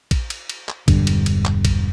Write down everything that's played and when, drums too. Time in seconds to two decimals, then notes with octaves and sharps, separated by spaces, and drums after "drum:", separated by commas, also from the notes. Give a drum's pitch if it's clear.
0.11 drum: kick, cymbal
0.30 drum: cymbal
0.49 drum: cymbal
0.69 drum: clap
0.88 E1 G2 D3, drum: kick, cymbal
1.07 drum: cymbal
1.26 drum: cymbal
1.45 drum: clap
1.65 drum: kick, cymbal